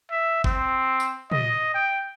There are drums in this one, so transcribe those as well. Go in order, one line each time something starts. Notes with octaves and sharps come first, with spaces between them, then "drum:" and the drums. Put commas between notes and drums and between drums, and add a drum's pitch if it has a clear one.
E5
C4, drum: kick G1
drum: tambourine
D#5, drum: tom
G5